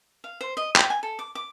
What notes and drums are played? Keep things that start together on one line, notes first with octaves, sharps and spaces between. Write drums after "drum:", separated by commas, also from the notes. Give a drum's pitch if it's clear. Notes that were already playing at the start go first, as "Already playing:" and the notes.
F5
C5
D#5
G5, drum: clap
G#5
A4
D6
D6